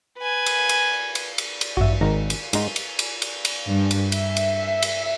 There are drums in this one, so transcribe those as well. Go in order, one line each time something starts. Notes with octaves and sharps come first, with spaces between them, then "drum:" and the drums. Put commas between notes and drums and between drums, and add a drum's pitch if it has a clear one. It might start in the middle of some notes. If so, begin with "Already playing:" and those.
B4 G#5
drum: cymbal
drum: cymbal
drum: cymbal
drum: cymbal
drum: cymbal
A1 G2 F#4 E5
G#1 D#4 A#4 A#5
drum: cymbal
G#2 D#4 C6, drum: cymbal
drum: cymbal
drum: cymbal
drum: cymbal
drum: cymbal
G2
drum: cymbal
E5, drum: cymbal
drum: cymbal
drum: cymbal